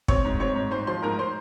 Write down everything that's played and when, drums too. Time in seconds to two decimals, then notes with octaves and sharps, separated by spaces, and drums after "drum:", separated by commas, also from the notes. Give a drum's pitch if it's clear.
0.08 C4 C#5 C#6, drum: kick
0.24 G#2
0.40 C4 C#5 C#6
0.55 G#2
0.71 G#2 C5 C6
0.87 F3 C5 C6
1.02 G#2 A#4 A#5
1.19 C5 C6